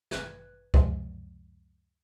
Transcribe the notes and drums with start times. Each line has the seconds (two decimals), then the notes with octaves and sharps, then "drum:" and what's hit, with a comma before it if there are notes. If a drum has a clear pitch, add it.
0.11 G#1 B4 F#6 G#6, drum: snare
0.74 C#2 F#2 C3 F3 G#3, drum: kick